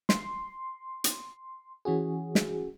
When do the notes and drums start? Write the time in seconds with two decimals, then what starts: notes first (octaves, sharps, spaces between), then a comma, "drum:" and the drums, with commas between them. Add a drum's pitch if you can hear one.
0.09 C6, drum: snare
1.04 drum: hi-hat
1.85 E3 C#4 F#4 G#4
2.35 drum: snare